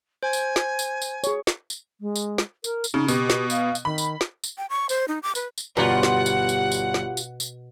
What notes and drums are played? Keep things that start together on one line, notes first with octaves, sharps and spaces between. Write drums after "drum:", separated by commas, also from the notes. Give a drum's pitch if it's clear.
C5 G#5
drum: tambourine
drum: snare
drum: tambourine
drum: tambourine
G#4 C#5, drum: tambourine
drum: snare
drum: tambourine
G#3
drum: tambourine
drum: snare
A#4, drum: tambourine
drum: tambourine
C#3 D#4
B2 G4, drum: tambourine
drum: snare
F5, drum: tambourine
drum: tambourine
D#3 B5
drum: tambourine
drum: snare
drum: tambourine
G5
C#6
C5, drum: tambourine
D#4
D6
B4, drum: tambourine
drum: tambourine
G1 B2 F4 G4 D5 F#5 A#5
drum: snare
drum: tambourine
drum: tambourine
drum: tambourine
drum: snare
drum: tambourine
drum: tambourine